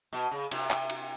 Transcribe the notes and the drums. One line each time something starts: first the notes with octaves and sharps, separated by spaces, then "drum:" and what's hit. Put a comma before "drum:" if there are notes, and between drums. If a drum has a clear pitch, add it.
B2
C#3
C3, drum: cymbal
drum: clap
drum: cymbal